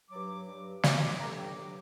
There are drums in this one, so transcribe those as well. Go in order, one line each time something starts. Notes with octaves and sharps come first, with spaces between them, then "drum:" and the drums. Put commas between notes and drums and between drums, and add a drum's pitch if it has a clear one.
G2 F#3 D6
G2
F#3
G2 F#3 D6, drum: snare
D6
G2 D3 F#3 A#5
G5
G2 D3 F#3 D6